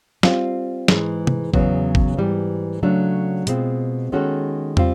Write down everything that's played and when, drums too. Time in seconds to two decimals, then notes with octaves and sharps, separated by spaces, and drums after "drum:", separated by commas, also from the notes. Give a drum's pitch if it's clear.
0.23 G3 C4 F4, drum: snare
0.88 G#2 E3 G#3, drum: snare
1.27 drum: tom C3
1.54 E2 C#3 F#3 B3, drum: kick G#1
1.95 drum: kick G#1
2.17 G#2 E3 G3
2.83 C#3 F#3 A3 D4
3.47 B2 G#3 C4 F4, drum: hi-hat
4.12 D#3 G#3 C#4 F#4 A4
4.77 G3 C4 F4, drum: tom